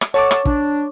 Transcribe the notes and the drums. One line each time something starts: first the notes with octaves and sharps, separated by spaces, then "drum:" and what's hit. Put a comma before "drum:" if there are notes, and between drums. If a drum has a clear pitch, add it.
drum: rim click
A4 C#5 F#5 A5 C#6 D6
drum: rim click
D4, drum: kick